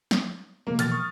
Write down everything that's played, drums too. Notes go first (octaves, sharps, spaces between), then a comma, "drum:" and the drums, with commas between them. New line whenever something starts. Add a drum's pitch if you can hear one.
drum: snare
C3 F3 G#3 A#3
B2 E3 F3 F6 A6, drum: hi-hat
C#6 D#6